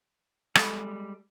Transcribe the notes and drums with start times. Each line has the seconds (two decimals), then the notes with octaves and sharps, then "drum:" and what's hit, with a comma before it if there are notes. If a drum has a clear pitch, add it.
0.55 G3 G#3 A4 B5, drum: rim click